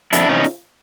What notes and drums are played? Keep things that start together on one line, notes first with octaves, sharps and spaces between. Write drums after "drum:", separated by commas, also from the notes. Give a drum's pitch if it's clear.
F2 D4 E4, drum: hi-hat
C3 E3 C#4 D#4
drum: snare